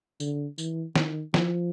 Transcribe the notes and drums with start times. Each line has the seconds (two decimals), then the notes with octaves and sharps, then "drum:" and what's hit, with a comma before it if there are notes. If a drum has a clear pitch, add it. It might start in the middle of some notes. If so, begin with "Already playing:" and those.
0.20 D3, drum: tambourine
0.58 E3, drum: tambourine
0.96 D#3, drum: snare
1.34 F3, drum: snare